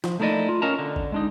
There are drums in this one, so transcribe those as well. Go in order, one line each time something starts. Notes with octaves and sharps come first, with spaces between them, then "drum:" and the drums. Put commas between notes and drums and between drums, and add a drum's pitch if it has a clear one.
F3, drum: snare
A3 A#3 D#4 E4 D5 D#5
F4
C#4 A#4 D#5 F5 A5 A#5
D3
drum: kick
G#3 D4 D#4